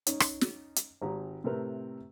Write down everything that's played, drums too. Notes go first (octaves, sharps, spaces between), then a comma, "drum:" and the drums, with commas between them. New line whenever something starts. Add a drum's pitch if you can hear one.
C#4 D#4, drum: hi-hat
drum: rim click
drum: snare
drum: hi-hat
G#1 G4 A#5
A2 C3 A3 C4 A#4 B4